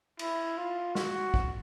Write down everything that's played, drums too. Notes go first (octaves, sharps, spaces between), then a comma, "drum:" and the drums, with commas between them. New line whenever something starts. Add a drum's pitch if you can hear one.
E4, drum: cymbal
F4
F#4, drum: snare
drum: kick